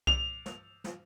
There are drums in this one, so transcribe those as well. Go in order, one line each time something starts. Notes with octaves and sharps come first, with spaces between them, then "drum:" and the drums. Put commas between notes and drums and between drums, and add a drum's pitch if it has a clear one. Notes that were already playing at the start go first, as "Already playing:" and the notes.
F7, drum: kick C2
drum: snare
drum: snare